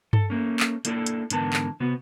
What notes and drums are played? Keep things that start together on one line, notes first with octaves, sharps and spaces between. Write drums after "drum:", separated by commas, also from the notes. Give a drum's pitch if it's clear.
A4, drum: tom G2
A3 A#3 C#4
drum: clap
A3 A#3 D4 E4 G4 A4, drum: hi-hat
drum: hi-hat
G#2 D3 E3 B3 A#4 A5, drum: hi-hat
drum: clap
C3 B3 F#4